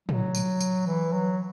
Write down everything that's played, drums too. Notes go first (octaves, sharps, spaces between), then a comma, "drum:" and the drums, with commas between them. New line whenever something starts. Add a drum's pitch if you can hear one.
F#3, drum: tom A2
drum: tambourine
drum: tambourine
E3
F#3